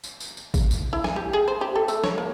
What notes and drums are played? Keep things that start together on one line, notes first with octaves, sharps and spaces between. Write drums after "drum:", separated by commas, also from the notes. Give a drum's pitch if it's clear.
drum: tambourine
drum: tambourine
drum: tambourine
drum: kick A1, tambourine
drum: tambourine
E4
G#5, drum: snare
G4
G#4
C5
G4
A4
A3, drum: tambourine
C#5, drum: snare
A#3